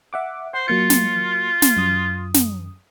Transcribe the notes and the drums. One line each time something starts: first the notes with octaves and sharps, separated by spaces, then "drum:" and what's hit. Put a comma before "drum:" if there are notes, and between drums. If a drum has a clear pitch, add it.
E5 F#5 D6
C5 F#5
F#3 A#3 F4 C#7
drum: snare
drum: snare
F#2 D#6
drum: snare